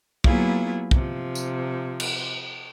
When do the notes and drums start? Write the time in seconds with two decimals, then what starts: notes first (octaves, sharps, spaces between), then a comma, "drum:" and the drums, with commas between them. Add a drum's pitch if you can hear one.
0.24 F#3 A#3 B3 E4 F4 G#4, drum: kick
0.91 C3 F3, drum: kick
1.35 drum: tambourine
2.00 drum: cymbal